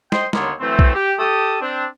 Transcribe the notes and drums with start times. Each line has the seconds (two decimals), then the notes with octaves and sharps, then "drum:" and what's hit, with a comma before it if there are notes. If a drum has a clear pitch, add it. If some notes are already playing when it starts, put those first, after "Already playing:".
0.12 C5 D#5 G5 C6, drum: snare
0.33 D#2 D3 B3 A#4 C#5 C6, drum: snare
0.60 E3 F#3 A3 C4
0.79 drum: kick B1
0.95 G4
1.19 G4 A4 D#6
1.61 C4 D4